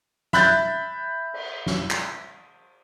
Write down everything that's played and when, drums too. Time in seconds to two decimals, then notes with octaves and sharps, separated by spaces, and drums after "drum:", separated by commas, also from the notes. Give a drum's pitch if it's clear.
0.33 E5 B5 F#6 G6 A6, drum: snare
1.34 drum: cymbal
1.66 drum: snare
1.90 drum: clap